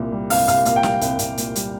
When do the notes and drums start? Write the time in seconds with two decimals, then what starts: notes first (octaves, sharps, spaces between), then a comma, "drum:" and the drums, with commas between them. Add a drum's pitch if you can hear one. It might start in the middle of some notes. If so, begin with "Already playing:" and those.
Already playing: C2 A#2
0.12 G3
0.30 C2 F5, drum: open hi-hat
0.48 C2 F5, drum: hi-hat
0.65 A#2 F5, drum: hi-hat
0.76 G5
0.83 G3 F5, drum: snare
1.01 C2, drum: hi-hat
1.19 C2, drum: hi-hat
1.38 A#2, drum: hi-hat
1.56 G3, drum: hi-hat